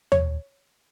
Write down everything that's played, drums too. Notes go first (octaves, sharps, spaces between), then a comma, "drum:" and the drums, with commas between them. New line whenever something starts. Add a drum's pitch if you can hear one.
C#5, drum: tom